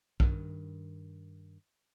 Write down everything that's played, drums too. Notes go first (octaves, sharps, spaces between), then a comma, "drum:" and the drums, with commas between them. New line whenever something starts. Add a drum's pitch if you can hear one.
G2 D#3, drum: kick B1